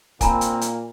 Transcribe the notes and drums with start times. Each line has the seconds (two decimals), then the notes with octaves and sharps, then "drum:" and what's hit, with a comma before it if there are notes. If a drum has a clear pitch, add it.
0.21 A#2 A#3 C4 G#5 A#5 B5, drum: kick, hi-hat
0.41 drum: hi-hat
0.61 drum: hi-hat